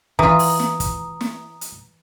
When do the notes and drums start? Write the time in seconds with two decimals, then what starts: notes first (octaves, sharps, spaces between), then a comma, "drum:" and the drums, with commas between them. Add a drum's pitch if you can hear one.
0.19 E3 F4 A#5 D#6, drum: kick
0.39 drum: open hi-hat
0.60 drum: snare
0.80 drum: kick, hi-hat
1.21 drum: snare
1.61 drum: hi-hat